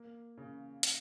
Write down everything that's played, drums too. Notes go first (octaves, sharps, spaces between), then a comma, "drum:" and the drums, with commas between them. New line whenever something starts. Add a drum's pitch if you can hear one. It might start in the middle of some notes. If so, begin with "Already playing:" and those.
Already playing: A#3
C#3
drum: hi-hat